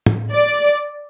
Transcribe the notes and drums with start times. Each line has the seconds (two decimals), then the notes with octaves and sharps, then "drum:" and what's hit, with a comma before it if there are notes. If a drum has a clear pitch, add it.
0.06 drum: tom A2
0.31 D5